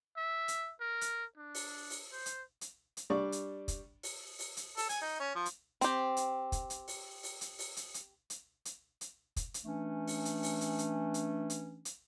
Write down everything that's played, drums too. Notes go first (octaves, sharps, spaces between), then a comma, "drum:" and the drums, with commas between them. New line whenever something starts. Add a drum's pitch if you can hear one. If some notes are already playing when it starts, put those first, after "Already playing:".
E5
drum: hi-hat
A#4
drum: hi-hat
D4
drum: open hi-hat
drum: open hi-hat
C5
drum: hi-hat
drum: hi-hat
drum: hi-hat
G3 D4 D5 C#6
drum: hi-hat
drum: kick, hi-hat
drum: open hi-hat
drum: open hi-hat
drum: hi-hat
A4, drum: open hi-hat
G#5, drum: hi-hat
D#4
C#4
F3
drum: hi-hat
C4 G4, drum: hi-hat
drum: hi-hat
drum: kick, hi-hat
drum: hi-hat
drum: open hi-hat
drum: open hi-hat
drum: hi-hat
drum: open hi-hat
drum: hi-hat
drum: hi-hat
drum: hi-hat
drum: hi-hat
drum: hi-hat
drum: kick, hi-hat
drum: hi-hat
E3 A3 C#4 D4
drum: open hi-hat
drum: hi-hat
drum: open hi-hat
drum: hi-hat
drum: hi-hat
drum: hi-hat
drum: hi-hat
drum: hi-hat